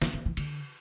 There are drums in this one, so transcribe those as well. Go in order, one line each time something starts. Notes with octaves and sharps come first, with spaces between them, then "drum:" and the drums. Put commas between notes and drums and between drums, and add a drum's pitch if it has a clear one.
F3, drum: snare
E3
E3
D3, drum: cymbal